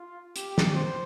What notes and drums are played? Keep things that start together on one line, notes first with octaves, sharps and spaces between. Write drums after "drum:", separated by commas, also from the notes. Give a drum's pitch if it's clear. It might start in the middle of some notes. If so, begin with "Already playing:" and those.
Already playing: F4
G4, drum: hi-hat
drum: snare
C5